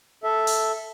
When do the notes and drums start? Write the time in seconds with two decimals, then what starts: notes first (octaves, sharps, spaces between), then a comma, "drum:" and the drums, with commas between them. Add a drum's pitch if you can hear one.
0.24 A4 E5
0.47 drum: open hi-hat